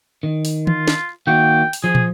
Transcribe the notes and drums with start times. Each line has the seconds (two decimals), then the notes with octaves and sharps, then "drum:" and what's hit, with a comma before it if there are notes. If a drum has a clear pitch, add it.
0.23 D#3
0.45 drum: open hi-hat
0.67 F4, drum: tom D#3
0.88 drum: snare
1.27 D#3 A#3 F#4 G5
1.73 drum: open hi-hat
1.84 F3 G#4
1.95 drum: tom